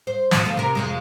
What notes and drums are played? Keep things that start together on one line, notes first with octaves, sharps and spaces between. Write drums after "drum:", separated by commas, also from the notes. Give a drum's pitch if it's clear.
C5
D2 B2, drum: snare
D3 F3 A3
C3 A#4
F2 C3 G#3